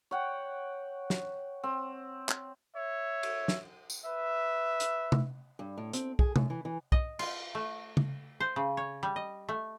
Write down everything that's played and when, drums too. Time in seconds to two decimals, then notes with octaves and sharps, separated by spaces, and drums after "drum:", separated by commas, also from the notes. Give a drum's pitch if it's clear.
0.11 C#5 F#5 G5
1.10 drum: snare
1.63 C4
2.29 drum: clap
2.76 C#5 E5
3.23 drum: cymbal
3.48 drum: snare
3.90 drum: tambourine
4.05 B4 E5
4.80 drum: hi-hat
5.12 drum: tom C3
5.59 G2
5.78 A2
5.93 C4, drum: hi-hat
6.19 G#4, drum: kick B1
6.36 F#2, drum: tom C3
6.50 E3
6.65 E3
6.92 D#5, drum: kick B1
7.19 F4, drum: cymbal
7.55 A3
7.97 drum: tom C#3
8.40 C5
8.56 C#3
8.77 C#5
9.03 G3
9.16 D#5
9.49 A3